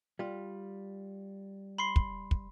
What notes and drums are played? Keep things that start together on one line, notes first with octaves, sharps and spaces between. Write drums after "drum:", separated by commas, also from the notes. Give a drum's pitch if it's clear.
G3 F4
B5 C6 C7
drum: kick
drum: kick